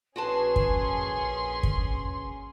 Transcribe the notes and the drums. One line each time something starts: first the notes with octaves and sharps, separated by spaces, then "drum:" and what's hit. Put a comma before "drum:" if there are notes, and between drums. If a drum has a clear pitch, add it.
A#1 C#4 F#4 G#4 B4 A5 C6
drum: kick
drum: kick